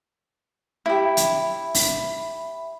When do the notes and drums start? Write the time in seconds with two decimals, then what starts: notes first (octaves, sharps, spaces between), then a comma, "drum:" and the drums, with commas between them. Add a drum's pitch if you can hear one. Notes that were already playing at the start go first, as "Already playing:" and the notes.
0.86 E4 G4 E5 B5
1.17 drum: hi-hat
1.75 drum: open hi-hat